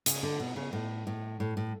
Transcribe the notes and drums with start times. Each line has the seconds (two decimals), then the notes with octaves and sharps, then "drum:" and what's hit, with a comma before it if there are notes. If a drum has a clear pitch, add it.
0.06 C#3, drum: hi-hat
0.23 D3
0.40 B2
0.56 C#3
0.73 A2
1.07 A2
1.40 A2
1.57 A2